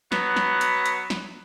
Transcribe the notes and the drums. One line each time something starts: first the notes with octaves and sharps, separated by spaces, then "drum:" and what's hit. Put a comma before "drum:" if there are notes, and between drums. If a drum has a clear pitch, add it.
F#3 B3, drum: snare
drum: snare
drum: hi-hat
drum: hi-hat
drum: snare